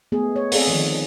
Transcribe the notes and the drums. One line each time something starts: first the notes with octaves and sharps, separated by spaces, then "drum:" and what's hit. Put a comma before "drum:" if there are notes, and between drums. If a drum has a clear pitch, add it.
G#3 A3 B3 G#4
C#5
C4 G#4 A4, drum: open hi-hat
D3 D#3 F3